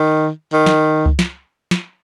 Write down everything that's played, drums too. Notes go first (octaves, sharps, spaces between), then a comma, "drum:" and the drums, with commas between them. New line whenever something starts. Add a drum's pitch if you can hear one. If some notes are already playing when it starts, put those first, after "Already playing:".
Already playing: D#3
D#3
drum: snare
drum: kick C#2
drum: snare
drum: snare